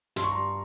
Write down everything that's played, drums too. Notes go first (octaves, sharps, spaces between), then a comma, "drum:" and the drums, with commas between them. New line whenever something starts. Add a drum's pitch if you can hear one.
G2 C6, drum: hi-hat
C#6
A#5 C6
G3